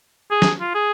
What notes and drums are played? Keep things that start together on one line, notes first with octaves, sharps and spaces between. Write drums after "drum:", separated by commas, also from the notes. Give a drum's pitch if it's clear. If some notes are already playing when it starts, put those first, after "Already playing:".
G#4
drum: snare
F4
G#4